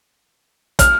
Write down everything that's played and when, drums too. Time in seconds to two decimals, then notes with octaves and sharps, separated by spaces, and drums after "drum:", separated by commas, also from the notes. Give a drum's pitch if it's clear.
0.79 F6, drum: kick, hi-hat